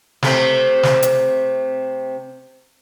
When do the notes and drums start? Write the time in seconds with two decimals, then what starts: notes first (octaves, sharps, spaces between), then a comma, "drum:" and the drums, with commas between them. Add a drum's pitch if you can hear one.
0.23 C3 A3 C4, drum: snare
0.83 drum: snare
1.03 drum: hi-hat